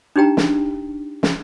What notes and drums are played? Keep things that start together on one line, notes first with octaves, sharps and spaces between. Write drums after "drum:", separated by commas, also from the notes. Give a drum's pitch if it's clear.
D4 D#4 G4 G5 A#5
drum: snare
drum: snare